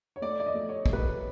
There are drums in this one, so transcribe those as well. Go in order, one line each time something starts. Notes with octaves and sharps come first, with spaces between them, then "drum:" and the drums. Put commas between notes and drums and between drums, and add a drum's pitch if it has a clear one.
C#5
A3 D5
D5
D#5
A3
C#5
A3, drum: kick
B4